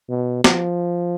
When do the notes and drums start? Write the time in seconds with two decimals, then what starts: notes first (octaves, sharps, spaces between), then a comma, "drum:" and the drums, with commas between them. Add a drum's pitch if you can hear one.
0.09 B2
0.44 F3, drum: snare